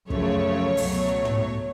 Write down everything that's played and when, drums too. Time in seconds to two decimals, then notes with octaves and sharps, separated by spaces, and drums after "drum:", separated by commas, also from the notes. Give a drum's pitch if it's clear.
0.10 F#2 C#3 F3 A3 C#5, drum: kick
0.77 C#2 B2 F#3 A3, drum: open hi-hat
1.25 drum: tom